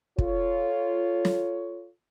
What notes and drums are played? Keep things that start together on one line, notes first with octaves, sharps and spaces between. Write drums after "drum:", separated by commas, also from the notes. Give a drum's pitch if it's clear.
F4 A4 C#5, drum: kick
drum: snare